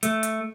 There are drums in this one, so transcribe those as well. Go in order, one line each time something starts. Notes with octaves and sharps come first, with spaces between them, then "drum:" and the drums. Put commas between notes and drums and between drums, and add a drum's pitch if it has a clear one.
A3, drum: hi-hat
drum: hi-hat